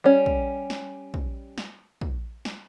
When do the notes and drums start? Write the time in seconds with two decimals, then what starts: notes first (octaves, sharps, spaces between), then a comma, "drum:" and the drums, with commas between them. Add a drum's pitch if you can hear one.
0.04 G3 C#4
0.26 drum: kick
0.70 drum: snare
1.14 drum: kick
1.58 drum: snare
2.01 drum: kick
2.45 drum: snare